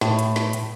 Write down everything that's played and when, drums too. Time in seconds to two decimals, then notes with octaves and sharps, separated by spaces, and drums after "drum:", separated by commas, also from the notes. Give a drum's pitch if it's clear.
0.01 A2, drum: snare
0.19 drum: hi-hat
0.36 drum: snare
0.53 drum: hi-hat